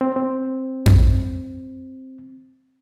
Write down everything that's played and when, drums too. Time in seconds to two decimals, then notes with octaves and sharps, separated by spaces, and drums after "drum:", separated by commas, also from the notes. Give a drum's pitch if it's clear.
0.01 C4
0.16 C4
0.86 drum: tom F2